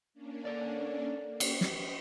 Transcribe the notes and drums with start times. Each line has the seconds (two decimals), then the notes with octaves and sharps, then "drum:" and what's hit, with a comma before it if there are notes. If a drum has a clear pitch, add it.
0.14 A#3 C#4 D4
0.45 A4 D5
1.22 A#3
1.40 drum: cymbal
1.61 D#5 C6, drum: snare